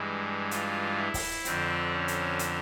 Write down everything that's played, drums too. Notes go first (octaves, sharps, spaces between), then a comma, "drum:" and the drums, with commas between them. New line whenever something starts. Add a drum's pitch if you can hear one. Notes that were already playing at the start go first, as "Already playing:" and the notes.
Already playing: G2 E3 G#3
F4, drum: hi-hat
E4
drum: kick, open hi-hat
F2 D3 F3 C4, drum: hi-hat
C#4
drum: hi-hat
drum: hi-hat